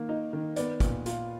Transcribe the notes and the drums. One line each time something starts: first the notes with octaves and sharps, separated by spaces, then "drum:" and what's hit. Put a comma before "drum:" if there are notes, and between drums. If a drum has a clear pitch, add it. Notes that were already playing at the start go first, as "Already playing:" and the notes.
Already playing: D#3 A#3
D#4
D#3
B3 D5, drum: hi-hat
A#2, drum: kick, hi-hat
F4, drum: hi-hat